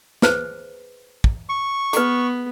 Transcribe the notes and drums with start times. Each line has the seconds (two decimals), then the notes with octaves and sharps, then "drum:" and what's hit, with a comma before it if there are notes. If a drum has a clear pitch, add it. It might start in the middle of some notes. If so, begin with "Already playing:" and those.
0.22 G#4 B4 C5, drum: snare
1.24 drum: kick
1.49 C#6
1.93 B3 G#4 B4, drum: hi-hat